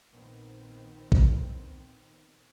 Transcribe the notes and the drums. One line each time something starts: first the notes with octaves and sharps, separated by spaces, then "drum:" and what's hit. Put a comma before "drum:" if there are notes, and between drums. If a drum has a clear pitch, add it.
A#1 A#2 D#3 B3 C4
drum: kick